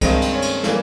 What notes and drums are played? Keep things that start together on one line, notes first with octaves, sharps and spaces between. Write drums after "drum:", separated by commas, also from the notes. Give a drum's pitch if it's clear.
G2 D#3 G#3 C4, drum: kick C2, cymbal
drum: cymbal
C#4
drum: cymbal
E3 G3 A#3, drum: snare